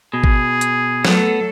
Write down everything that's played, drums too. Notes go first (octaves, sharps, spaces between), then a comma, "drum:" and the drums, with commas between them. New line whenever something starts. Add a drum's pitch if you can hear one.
B2 G#4
drum: kick
drum: hi-hat
F#3 A3 B3 A4, drum: snare